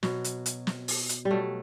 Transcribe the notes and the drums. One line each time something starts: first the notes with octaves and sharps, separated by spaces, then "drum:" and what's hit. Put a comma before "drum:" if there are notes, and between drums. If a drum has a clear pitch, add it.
B2 F#3, drum: snare
drum: hi-hat
drum: hi-hat
drum: snare
drum: open hi-hat
drum: hi-hat
G3
B2 F#3 A3